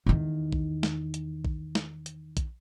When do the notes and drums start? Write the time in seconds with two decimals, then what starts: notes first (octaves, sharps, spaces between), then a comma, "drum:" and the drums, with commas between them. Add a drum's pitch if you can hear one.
0.06 E2 D#3
0.52 drum: kick A#1
0.83 drum: snare
1.14 drum: hi-hat
1.45 drum: kick A#1
1.75 drum: snare
2.06 drum: hi-hat
2.37 drum: kick A#1, hi-hat